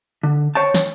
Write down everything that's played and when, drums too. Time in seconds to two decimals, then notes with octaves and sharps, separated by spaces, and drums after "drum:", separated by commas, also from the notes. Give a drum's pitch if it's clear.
0.23 D3
0.55 C5 C#5 G5 A5
0.74 drum: snare